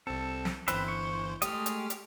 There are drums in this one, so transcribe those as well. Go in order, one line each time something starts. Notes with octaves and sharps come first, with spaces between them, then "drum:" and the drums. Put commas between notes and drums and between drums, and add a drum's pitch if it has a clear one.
C2 C4 A4
drum: snare
G1 E3 C4 B4 C5 E5, drum: hi-hat
C#6
G#3 A3 G4 D#5 F6, drum: hi-hat
drum: hi-hat
drum: hi-hat